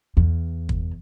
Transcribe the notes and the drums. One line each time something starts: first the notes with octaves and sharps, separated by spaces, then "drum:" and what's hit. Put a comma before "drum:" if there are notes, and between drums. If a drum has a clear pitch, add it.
E2
drum: kick